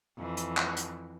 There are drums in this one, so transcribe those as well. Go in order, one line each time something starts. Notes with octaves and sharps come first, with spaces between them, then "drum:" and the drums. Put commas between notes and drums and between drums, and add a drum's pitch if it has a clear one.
F2 E3
drum: hi-hat
drum: clap
drum: hi-hat